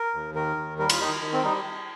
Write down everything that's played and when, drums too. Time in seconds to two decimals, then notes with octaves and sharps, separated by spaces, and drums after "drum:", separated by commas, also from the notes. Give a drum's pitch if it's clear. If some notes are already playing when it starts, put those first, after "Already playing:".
Already playing: A#4
0.14 D#2
0.35 D#3 A#4
0.57 D#2
0.79 G3 A#4
0.90 F4, drum: cymbal
1.00 D#3 D#4
1.21 D#3
1.33 C4
1.43 G3 D#4